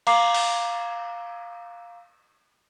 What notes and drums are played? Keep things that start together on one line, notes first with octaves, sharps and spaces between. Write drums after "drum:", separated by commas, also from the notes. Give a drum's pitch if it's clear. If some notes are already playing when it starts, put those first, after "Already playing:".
F5 A#5 D6 C7, drum: cymbal
drum: open hi-hat